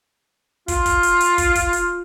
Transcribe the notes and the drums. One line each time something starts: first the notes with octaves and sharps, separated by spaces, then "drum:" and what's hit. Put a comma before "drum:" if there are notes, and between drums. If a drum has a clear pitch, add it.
F4, drum: kick, hi-hat
drum: kick, hi-hat
drum: hi-hat
drum: hi-hat
drum: kick, hi-hat
drum: kick, hi-hat
drum: hi-hat